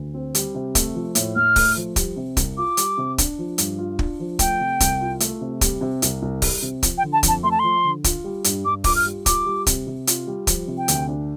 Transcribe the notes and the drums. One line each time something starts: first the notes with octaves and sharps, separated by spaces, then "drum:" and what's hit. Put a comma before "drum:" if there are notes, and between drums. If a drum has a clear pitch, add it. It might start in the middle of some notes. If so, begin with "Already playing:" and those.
Already playing: D2
C4
G3, drum: hi-hat
C3
A3, drum: kick, hi-hat
F3
A2, drum: hi-hat
A2 F6
A3, drum: kick, open hi-hat
F3
G3, drum: kick, hi-hat
C3
C2, drum: kick, hi-hat
F4 D6
G3, drum: hi-hat
C3
D4, drum: kick, hi-hat
F3
G2, drum: hi-hat
F4
D4, drum: kick
F3
A3 G5, drum: kick, hi-hat
C3
C2, drum: kick, hi-hat
F4
A3, drum: hi-hat
C3
G3, drum: kick, hi-hat
C3
C2, drum: hi-hat
C2
G3, drum: kick, open hi-hat
C3
F3, drum: kick, hi-hat
G5
D3
A5
F2, drum: kick, hi-hat
A5
A3 C6
A5
F3 C6
D3
F4, drum: kick, hi-hat
G3
G2, drum: hi-hat
G2 D6
F4 D6, drum: kick, open hi-hat
F6
G3
F4 D6, drum: kick, hi-hat
G3
C3, drum: kick, hi-hat
C3
F4, drum: hi-hat
G3
F3, drum: kick, hi-hat
C3
G5
D2, drum: hi-hat
D4